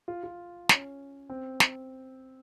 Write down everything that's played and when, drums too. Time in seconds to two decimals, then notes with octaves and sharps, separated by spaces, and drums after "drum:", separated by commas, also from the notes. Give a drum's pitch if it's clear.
0.08 F4
0.23 F4
0.69 C#4, drum: snare
1.30 C4
1.60 drum: snare